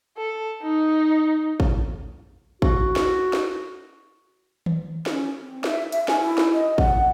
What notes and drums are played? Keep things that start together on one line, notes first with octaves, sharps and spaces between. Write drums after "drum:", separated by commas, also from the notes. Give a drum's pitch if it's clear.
A4
D#4
drum: kick
F#4, drum: kick
drum: snare
drum: snare
drum: tom D#3
C#4, drum: snare
C4
E5, drum: snare
E5, drum: hi-hat
G#5, drum: snare
E4
drum: snare
D#5
F#5, drum: kick